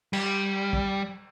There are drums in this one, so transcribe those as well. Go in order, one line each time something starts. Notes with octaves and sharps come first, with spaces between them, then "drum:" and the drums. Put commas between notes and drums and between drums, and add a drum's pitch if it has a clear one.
G3, drum: cymbal
drum: kick